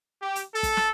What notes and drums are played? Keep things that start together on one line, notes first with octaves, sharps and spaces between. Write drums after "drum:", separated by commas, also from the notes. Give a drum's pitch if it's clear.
G4
drum: hi-hat
A4
drum: kick, hi-hat
drum: snare